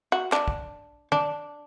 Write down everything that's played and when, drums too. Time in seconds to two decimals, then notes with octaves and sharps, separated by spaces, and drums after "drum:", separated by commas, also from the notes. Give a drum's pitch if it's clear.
0.12 F#4
0.32 D4, drum: clap
0.48 drum: kick
1.12 D4, drum: tom